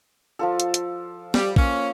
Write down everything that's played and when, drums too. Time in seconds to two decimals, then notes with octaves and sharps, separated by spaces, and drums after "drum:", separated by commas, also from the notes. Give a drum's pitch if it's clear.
0.39 F3 F4 A4
0.60 drum: hi-hat
0.74 drum: hi-hat
1.34 G3, drum: snare
1.56 A#3 C#4, drum: kick